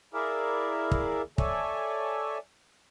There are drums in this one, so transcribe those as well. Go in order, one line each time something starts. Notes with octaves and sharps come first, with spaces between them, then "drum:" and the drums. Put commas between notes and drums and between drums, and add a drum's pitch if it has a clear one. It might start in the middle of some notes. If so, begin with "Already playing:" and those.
E4 G#4 A#4 D5 E5 F5
drum: kick
A4 C#5 D5 E5 G#5, drum: kick